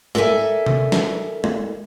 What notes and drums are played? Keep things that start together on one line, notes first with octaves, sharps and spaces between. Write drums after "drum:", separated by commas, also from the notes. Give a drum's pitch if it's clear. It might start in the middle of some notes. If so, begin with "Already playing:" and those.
A4 A#4 D5 E5 G#5, drum: tom G#3
drum: tom C3
drum: snare
drum: tom G#3